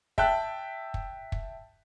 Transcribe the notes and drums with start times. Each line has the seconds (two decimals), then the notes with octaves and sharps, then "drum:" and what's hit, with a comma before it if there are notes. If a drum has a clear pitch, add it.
0.18 E5 G5 A5 F#6, drum: kick
0.94 drum: kick
1.32 drum: kick